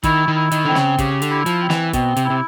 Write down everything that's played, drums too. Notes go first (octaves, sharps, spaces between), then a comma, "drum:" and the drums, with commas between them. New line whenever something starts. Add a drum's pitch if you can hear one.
D#3 E4, drum: kick, hi-hat
D#3
E4
D#3, drum: hi-hat
D3 C4
C#3, drum: snare
C#3 G4, drum: kick, hi-hat
D3, drum: hi-hat
E4
F3, drum: hi-hat
C4
E3, drum: snare
B2 C4, drum: kick, hi-hat
C3, drum: hi-hat
E4
C3